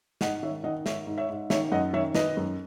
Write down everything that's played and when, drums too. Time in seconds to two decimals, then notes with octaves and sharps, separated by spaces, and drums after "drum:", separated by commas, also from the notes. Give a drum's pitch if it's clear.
0.21 G#2 D#5 F#5, drum: snare
0.43 D#3 C#5 E5
0.64 D#3 D#5 F#5
0.86 G#2 C#5 E5, drum: snare
1.07 G#2
1.18 C#5 E5
1.29 G#2
1.50 D#3 C#5 E5, drum: snare
1.72 F#2 D#5 F#5
1.93 D#3 C#5 E5
2.15 D#3 B4 D#5, drum: snare
2.37 F#2